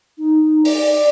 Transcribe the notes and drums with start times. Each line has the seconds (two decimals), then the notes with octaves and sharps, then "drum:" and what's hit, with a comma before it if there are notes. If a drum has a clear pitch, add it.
0.18 D#4
0.65 D5, drum: open hi-hat